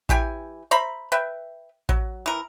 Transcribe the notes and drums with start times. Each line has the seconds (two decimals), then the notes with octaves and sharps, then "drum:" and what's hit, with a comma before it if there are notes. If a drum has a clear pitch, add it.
0.09 E3 G4 G5 G#5, drum: kick A1
0.71 C5 E5 A#5 B5
1.12 B4 E5 G5
1.89 F#3, drum: kick A1
2.26 E3 A#4